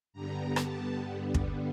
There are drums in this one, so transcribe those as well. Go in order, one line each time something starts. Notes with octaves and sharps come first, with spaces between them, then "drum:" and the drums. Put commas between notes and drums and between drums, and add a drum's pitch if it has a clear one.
G2 D3 G3 B3 A#5
A5, drum: rim click
drum: kick